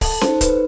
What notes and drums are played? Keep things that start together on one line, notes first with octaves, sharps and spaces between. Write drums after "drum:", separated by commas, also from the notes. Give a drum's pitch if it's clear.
A4 A5, drum: kick C#1, open hi-hat
C5, drum: snare C#4
D#4
B4, drum: kick C#1, hi-hat